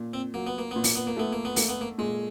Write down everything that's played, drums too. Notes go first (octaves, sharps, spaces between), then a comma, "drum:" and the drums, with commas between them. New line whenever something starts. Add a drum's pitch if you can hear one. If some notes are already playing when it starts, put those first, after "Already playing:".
Already playing: A#2
C4
F#3 A#3
B3
A#3
A#2 B3
A#3, drum: open hi-hat
B3
A#3
A3 B3
A#3
B3
A3 A#3, drum: open hi-hat
B3
A#3
A#2 G#3